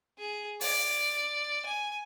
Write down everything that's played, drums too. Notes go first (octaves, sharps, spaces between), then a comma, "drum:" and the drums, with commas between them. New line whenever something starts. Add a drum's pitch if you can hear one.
G#4
D5, drum: open hi-hat
G#5